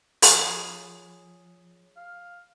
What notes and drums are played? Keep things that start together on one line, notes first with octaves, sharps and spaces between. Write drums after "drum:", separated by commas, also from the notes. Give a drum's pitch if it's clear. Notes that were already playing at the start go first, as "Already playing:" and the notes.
F3 G#4 C#5, drum: open hi-hat
F5